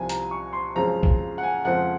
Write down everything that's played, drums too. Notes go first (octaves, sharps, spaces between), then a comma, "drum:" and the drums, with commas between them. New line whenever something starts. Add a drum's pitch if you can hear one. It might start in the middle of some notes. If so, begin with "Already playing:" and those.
Already playing: C2 C3 F3 G#5
A#5, drum: hi-hat
C#6
C6
F#2 C#3 F3 G#3 C4 A#5
drum: kick
F#5
G#5
F2 C#3 F3 G#3 C4 F#5